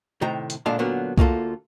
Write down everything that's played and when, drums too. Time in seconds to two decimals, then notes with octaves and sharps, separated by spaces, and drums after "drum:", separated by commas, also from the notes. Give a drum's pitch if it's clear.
0.21 A2 C3 D#3 G5 A#5
0.50 drum: hi-hat
0.66 A#2 D3 G#3 D4 F5 A5
0.79 A#2 D3 F#3 B3 A#4
1.18 D2 A#3 F4 A4, drum: kick C2